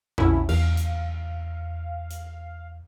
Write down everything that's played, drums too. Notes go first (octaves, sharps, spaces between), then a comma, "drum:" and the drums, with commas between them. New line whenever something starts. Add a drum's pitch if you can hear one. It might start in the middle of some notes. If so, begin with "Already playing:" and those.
A#1 C#4 E4, drum: tom E2
E2 F5, drum: cymbal
drum: hi-hat
drum: hi-hat